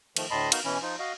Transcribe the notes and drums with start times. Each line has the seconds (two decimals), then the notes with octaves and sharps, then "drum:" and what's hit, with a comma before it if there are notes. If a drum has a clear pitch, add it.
0.17 D#3 F3 A3, drum: cymbal
0.31 D2 A2 D#5 A5 B5 C6
0.52 B3 D#4 F#4 A#4 F5, drum: cymbal
0.64 B2 E3 C#4 E4
0.82 F3 D#4 F4
0.99 F#4 D#5 F5